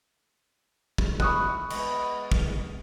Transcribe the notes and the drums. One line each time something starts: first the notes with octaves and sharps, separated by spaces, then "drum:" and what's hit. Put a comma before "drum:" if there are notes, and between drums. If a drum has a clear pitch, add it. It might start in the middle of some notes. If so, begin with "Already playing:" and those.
drum: kick
E4 C#6 D#6 F#6, drum: kick
G#3 B3, drum: cymbal
drum: kick